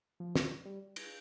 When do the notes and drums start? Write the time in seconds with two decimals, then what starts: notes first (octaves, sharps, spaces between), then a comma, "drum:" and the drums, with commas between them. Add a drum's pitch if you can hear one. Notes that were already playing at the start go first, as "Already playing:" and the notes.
0.20 F3
0.36 drum: snare
0.65 G3
0.96 drum: cymbal